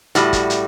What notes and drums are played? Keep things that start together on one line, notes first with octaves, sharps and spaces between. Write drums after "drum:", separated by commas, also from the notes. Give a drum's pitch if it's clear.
A2 G3 F#4, drum: hi-hat
drum: kick, hi-hat
drum: hi-hat